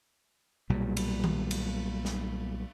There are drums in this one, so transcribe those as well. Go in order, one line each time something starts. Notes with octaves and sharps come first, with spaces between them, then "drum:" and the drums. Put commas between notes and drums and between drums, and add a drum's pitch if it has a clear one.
B1 A#2 G3
drum: cymbal
drum: tom D#3
drum: cymbal
drum: snare